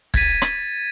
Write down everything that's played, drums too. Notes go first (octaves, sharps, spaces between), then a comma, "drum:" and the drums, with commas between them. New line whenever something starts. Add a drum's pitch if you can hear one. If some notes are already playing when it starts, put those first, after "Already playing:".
G#6 A6 B6 D#7, drum: kick
drum: rim click